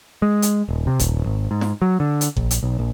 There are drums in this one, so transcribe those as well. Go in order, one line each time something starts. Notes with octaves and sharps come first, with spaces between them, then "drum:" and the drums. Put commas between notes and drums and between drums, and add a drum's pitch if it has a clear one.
G#3
drum: hi-hat
D#1
C3
D#1, drum: kick G1, hi-hat
G#1
G#2
drum: snare
F#3
D3
drum: hi-hat
A#1, drum: kick G1
drum: hi-hat
B1
A#1